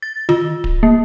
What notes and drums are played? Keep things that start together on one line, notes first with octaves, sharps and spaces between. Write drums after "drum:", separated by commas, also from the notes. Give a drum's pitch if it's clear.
A6
F4, drum: tom D#3
drum: kick D1
A#3